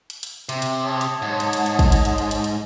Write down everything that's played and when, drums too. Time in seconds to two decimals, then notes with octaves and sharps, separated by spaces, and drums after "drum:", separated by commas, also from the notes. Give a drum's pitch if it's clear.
0.10 drum: hi-hat
0.23 drum: hi-hat
0.49 C3, drum: hi-hat
0.62 drum: hi-hat
0.82 C#5 A5 D#6
1.01 drum: hi-hat
1.22 G#2
1.40 drum: hi-hat
1.53 drum: hi-hat
1.66 drum: hi-hat
1.79 drum: kick, hi-hat
1.92 drum: hi-hat
2.05 drum: hi-hat
2.18 drum: hi-hat
2.31 drum: hi-hat
2.44 drum: hi-hat